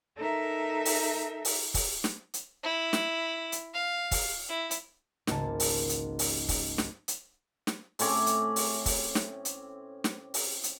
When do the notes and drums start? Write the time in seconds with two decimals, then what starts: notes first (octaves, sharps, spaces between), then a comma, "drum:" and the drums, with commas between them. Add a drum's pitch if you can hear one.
0.18 D#4 A4 A#4 E5
0.85 drum: open hi-hat
1.45 drum: open hi-hat
1.74 drum: kick, open hi-hat
2.04 drum: snare
2.34 drum: hi-hat
2.63 E4
2.93 drum: snare
3.52 drum: hi-hat
3.74 F5
4.11 drum: kick, open hi-hat
4.49 E4
4.71 drum: hi-hat
5.27 G#1 C#2 A#3 A5, drum: snare
5.60 drum: open hi-hat
5.89 drum: hi-hat
6.19 drum: open hi-hat
6.49 drum: kick, open hi-hat
6.78 drum: snare
7.08 drum: hi-hat
7.67 drum: snare
7.99 A2 C4 C#4 D6, drum: open hi-hat
8.26 drum: hi-hat
8.56 drum: open hi-hat
8.86 drum: kick, open hi-hat
9.15 drum: snare
9.45 drum: hi-hat
10.04 drum: snare
10.34 drum: open hi-hat
10.63 drum: hi-hat